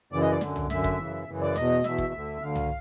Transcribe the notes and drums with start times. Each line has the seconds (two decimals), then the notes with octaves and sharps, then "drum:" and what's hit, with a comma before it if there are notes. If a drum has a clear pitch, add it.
0.12 F#2 C#3 E3 D5
0.22 D#5
0.31 D5
0.41 F#2 D3, drum: snare
0.56 drum: tom C2
0.70 F#2 D3 E5, drum: snare
0.84 drum: kick
0.98 F#2 C#3 E3
1.28 F#2 C#3 E3
1.42 D5
1.56 E2 B2 D#5, drum: snare
1.84 E2 B2 E5, drum: snare
1.98 drum: kick
2.13 D2 D3
2.41 D2 D3 F5
2.56 drum: tom C2